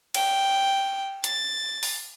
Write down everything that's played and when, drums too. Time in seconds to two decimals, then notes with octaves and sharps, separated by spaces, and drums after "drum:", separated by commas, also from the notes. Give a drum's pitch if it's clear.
0.14 G5, drum: cymbal
1.24 A6, drum: hi-hat
1.83 drum: open hi-hat